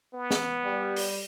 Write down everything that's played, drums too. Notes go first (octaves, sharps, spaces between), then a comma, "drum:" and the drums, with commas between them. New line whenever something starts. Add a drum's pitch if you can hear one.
B3
drum: snare
G3
drum: open hi-hat